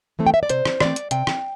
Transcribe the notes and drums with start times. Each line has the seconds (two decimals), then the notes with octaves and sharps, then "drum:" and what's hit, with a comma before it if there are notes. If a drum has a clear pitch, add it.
0.19 E3 A3 C4
0.27 G5
0.34 E5
0.43 D5
0.49 C3 C5, drum: hi-hat
0.65 drum: rim click
0.80 E3 A3 C4 D5, drum: rim click
0.96 drum: hi-hat
1.11 C3 G5, drum: hi-hat
1.27 drum: rim click